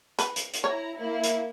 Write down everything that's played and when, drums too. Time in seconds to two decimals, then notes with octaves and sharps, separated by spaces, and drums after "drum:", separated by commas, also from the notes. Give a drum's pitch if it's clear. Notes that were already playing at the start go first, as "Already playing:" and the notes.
0.19 B4, drum: hi-hat
0.36 drum: hi-hat
0.54 drum: hi-hat
0.64 E4 C#5 A#5
0.97 A#3 E4
1.24 drum: hi-hat